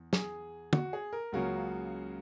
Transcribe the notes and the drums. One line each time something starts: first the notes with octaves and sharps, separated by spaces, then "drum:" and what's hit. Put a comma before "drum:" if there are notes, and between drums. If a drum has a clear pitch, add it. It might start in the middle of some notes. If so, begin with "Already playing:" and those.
Already playing: E2
G#4, drum: snare
F#4, drum: tom
G#4
A#4
C#2 C#3 F#3 A#3 C#4 F#4